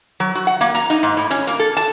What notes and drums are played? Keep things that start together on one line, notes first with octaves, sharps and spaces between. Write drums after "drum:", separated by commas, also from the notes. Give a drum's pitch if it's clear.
F#3
F#4
F#5
A#3, drum: hi-hat
A#5, drum: hi-hat
D#4, drum: hi-hat
G#2
A2
C#4, drum: hi-hat
A#3, drum: hi-hat
A4
A5, drum: hi-hat